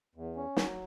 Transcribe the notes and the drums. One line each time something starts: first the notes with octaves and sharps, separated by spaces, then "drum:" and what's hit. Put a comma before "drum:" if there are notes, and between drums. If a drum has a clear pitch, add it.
E2
C#4
F#3, drum: snare